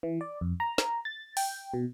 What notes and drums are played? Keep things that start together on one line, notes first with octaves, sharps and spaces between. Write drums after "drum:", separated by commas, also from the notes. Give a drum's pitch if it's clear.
E3
D5
F2
A#5
drum: snare
A6
G5, drum: open hi-hat
B2